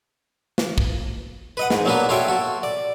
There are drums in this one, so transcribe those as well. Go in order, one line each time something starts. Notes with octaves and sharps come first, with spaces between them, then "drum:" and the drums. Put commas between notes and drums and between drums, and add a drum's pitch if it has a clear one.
drum: snare
drum: kick
B4 D#5 F#5
G#2, drum: snare
F#3 A#3 B3 D4 F#4 B4
F4 F#4 A4 C#5 E5 G5
F#4 A4
D5